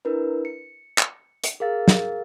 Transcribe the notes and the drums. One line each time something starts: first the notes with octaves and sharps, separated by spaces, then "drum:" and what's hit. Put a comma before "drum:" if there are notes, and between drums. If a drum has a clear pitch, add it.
D4 E4 A#4 B4
C#7
drum: clap
drum: hi-hat
G#4 A#4 F5 A6
drum: snare